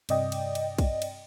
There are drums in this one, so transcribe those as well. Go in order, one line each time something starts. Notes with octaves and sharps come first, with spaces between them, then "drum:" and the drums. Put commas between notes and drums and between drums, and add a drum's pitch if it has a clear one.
G2 C3 D5 D#5 G5, drum: cymbal
drum: cymbal
drum: cymbal
drum: kick, cymbal
drum: cymbal